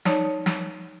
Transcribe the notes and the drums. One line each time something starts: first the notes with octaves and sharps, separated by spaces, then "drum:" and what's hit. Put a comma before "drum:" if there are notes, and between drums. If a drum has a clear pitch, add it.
D#4 C#5 D5 A5, drum: snare
drum: snare